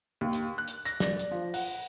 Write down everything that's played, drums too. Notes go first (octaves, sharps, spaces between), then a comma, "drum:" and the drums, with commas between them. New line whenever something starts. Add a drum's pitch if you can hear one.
D#2
drum: hi-hat
F#6
drum: hi-hat
A#6, drum: hi-hat
D5, drum: snare
drum: hi-hat
F3
F#5, drum: open hi-hat